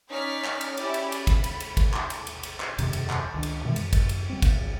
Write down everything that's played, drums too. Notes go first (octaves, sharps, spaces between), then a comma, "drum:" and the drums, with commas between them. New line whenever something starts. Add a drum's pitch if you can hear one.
C#4 D#4 C#5 D5 F6 B6
drum: clap
drum: cymbal
C#4 E4 G4 D5, drum: cymbal
drum: cymbal
B5, drum: cymbal
drum: kick, cymbal
drum: cymbal
drum: cymbal
drum: kick, cymbal
drum: clap
drum: cymbal
drum: cymbal
drum: cymbal
drum: clap
E1 F#2 C3 D#3, drum: cymbal
drum: cymbal
drum: clap
C#2 D#3 D4
drum: cymbal
B2 D#3 E3 G#3
F#2, drum: cymbal
drum: kick, cymbal
drum: cymbal
F#3 C4
drum: kick, cymbal
G#1 C#2